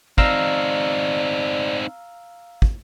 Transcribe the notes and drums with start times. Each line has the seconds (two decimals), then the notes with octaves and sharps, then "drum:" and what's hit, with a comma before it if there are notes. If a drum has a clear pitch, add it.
0.18 C4 D#4 D5 F5 A#5 E6, drum: kick
2.62 drum: kick